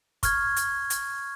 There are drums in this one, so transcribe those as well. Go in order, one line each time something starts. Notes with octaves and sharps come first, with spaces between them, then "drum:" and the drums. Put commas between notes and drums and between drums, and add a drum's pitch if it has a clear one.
C#6 F6 G#6, drum: kick, hi-hat
drum: hi-hat
drum: hi-hat